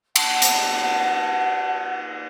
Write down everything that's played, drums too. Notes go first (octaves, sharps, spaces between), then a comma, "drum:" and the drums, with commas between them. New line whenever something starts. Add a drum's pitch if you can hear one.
F#5 A5, drum: cymbal
drum: hi-hat